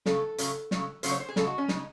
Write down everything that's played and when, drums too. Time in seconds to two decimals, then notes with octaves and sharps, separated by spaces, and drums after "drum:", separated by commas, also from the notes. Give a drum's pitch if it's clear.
0.06 C#3 F#3 A3 A4, drum: snare
0.38 C#3 F#3 A3, drum: hi-hat
0.71 C#3 F#3 A3, drum: snare
1.03 C#3 F#3 A3 C5, drum: hi-hat
1.11 C#5
1.20 C5
1.29 G#4
1.36 C#3 G#3 A4, drum: snare
1.47 F#4
1.58 C#4
1.68 C#3 G#3 D#4, drum: snare